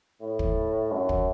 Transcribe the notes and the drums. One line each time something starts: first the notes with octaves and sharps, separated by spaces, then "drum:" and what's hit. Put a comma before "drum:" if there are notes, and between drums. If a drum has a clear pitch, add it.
A2
drum: kick
F#2
drum: kick